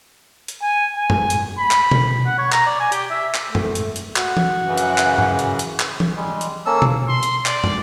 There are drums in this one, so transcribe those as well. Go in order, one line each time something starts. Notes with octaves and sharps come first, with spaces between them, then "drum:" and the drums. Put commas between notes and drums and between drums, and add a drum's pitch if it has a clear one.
drum: hi-hat
G#5
G#5
drum: tom
drum: hi-hat
B5
drum: clap
drum: tom B2
F#5
C#5
A#5, drum: clap
D5
G#5
G4, drum: hi-hat
E5
drum: clap
A3
drum: tom
drum: hi-hat
drum: hi-hat
F#4, drum: clap
drum: tom E3
F#2 C#3 E3
drum: hi-hat
drum: clap
drum: tom G2
drum: hi-hat
drum: hi-hat
drum: clap
drum: tom E3
G3 G#3
drum: hi-hat
A#3 C#4 A4 E6
drum: tom B2
C6
drum: hi-hat
D5, drum: clap
drum: tom